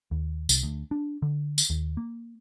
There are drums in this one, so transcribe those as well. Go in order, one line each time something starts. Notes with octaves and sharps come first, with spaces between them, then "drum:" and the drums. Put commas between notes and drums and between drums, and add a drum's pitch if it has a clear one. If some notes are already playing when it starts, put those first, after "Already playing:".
D#2
C2, drum: tambourine
D2
D4
D3
drum: tambourine
D#2
A#3